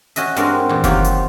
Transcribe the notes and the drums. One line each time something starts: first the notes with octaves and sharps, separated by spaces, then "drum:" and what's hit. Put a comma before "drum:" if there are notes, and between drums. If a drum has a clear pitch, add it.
C#4 F#4 D#5 E5, drum: hi-hat
G2 G#3 C4 F#4 A#4 D5, drum: hi-hat
drum: tom C4
E2 A#2
D#3 F#3 A#3 C4 F4 G4, drum: kick F#1, hi-hat
drum: hi-hat